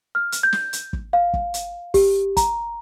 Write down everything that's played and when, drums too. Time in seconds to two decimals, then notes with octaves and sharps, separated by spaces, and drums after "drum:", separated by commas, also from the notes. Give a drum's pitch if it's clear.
0.15 F6
0.32 drum: hi-hat
0.43 G6
0.53 drum: snare
0.73 drum: hi-hat
0.93 drum: kick
1.13 F5
1.34 drum: kick
1.54 drum: hi-hat
1.94 G4, drum: kick, open hi-hat
2.37 A#5, drum: kick, hi-hat